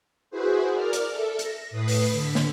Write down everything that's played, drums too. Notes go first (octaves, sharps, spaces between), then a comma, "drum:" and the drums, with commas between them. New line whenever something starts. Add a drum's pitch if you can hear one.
E4 F#4 G#4 B4 C5
A#4 D5 F6
drum: hi-hat
A4 E5
A#6, drum: hi-hat
A2 B4 D#6 C7
drum: open hi-hat
D3 B6
drum: snare